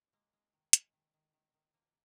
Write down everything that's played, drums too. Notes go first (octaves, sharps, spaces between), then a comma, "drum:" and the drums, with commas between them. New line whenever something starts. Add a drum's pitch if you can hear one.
G#3 A#3
G#3
D#3
G#3, drum: hi-hat
D#3
D#3
D#3
D#3
F3 A#3